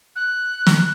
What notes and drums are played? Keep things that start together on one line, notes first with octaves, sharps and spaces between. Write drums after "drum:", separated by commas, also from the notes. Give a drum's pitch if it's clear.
F#6
drum: snare